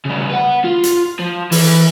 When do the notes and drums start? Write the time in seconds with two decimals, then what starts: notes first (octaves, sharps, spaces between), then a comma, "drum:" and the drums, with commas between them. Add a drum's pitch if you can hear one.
0.06 C#3 G3
0.29 B4 F#5
0.64 F4
0.84 drum: hi-hat
1.19 F3
1.52 E3, drum: open hi-hat